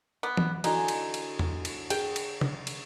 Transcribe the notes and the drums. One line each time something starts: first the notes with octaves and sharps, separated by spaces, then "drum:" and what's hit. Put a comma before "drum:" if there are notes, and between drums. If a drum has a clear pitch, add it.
B3 F#5 B5 D6
drum: tom E3
D3 D#4 E4 F#4 A4 G#5, drum: cymbal
drum: cymbal
drum: cymbal
drum: tom E2
drum: cymbal
G#4 G5, drum: cymbal
drum: cymbal
drum: tom
drum: cymbal